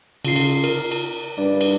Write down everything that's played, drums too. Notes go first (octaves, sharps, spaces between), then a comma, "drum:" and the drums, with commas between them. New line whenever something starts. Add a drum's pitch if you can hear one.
C#3 F4 C7, drum: cymbal
drum: cymbal
A#4, drum: cymbal
drum: cymbal
G2 D5
drum: cymbal